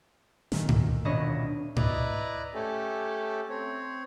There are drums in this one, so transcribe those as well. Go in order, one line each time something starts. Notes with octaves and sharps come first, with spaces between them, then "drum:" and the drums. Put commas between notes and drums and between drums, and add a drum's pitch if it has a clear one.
A#2 D#3 A3, drum: snare
drum: tom G#2
D#1 B2 D4 B4 C#5 D#5
E4 B4 D5 D#5 A#5, drum: tom G#2
A3 C#4 G4 A4
C4 C#5